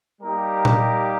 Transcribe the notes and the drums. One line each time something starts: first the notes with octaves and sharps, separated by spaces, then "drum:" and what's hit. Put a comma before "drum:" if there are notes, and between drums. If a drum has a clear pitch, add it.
G3 A#3 D#4 G4 A#4
A#4, drum: tom A#2